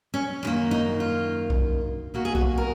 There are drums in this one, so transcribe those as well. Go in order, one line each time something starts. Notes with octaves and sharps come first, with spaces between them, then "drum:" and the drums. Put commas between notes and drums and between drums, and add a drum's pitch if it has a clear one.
C#4
F#2 D#3 A#3
D#4
F4
drum: kick B1
B2 A#3 F#4
G#4
F#4, drum: kick B1
A#4